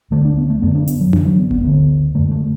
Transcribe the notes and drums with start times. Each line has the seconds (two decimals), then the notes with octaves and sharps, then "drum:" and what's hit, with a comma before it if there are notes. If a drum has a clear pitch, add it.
0.11 D2 D3 A3
0.25 D4
0.37 B3
0.50 A3
0.62 F#2 D3 B3
0.75 D4
0.87 B3, drum: hi-hat
1.01 F#3
1.13 F#2 D3 E3, drum: tom D4
1.25 F#3
1.38 B3
1.51 B3, drum: kick G1
1.64 D2 D3 B3
2.15 F#2 D3 A3
2.31 A3